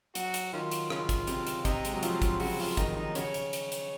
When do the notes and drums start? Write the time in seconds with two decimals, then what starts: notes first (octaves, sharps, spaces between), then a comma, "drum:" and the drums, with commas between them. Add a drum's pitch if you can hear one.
0.15 F#3 F#4, drum: hi-hat
0.34 drum: hi-hat
0.53 D#3 C#4 F4
0.72 drum: hi-hat
0.90 C#3 C#4 F4, drum: rim click
1.09 drum: kick, hi-hat
1.27 C3, drum: hi-hat
1.47 drum: hi-hat
1.65 C3 D#4, drum: kick, hi-hat
1.85 G#3, drum: hi-hat
1.94 F#3
2.03 F3 F4, drum: hi-hat
2.22 drum: kick, hi-hat
2.40 C#3 F#4, drum: open hi-hat
2.60 F4, drum: open hi-hat
2.77 D#3 D#4, drum: kick, hi-hat
2.96 D#4
3.15 C#3 F#4 C#5, drum: hi-hat
3.34 drum: hi-hat
3.53 drum: hi-hat
3.72 drum: hi-hat